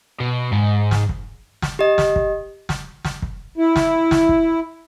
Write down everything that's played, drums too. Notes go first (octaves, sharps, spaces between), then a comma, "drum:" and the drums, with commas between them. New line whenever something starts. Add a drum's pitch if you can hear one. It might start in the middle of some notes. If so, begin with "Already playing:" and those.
B2
G#2
drum: snare
drum: kick
drum: snare
G4 D#5
drum: snare
drum: kick
drum: snare
drum: snare
drum: kick
E4
drum: snare
drum: snare
drum: kick